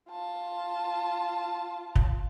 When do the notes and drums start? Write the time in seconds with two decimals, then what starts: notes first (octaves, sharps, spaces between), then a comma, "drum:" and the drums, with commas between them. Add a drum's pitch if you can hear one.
0.11 F4 A5
1.96 drum: kick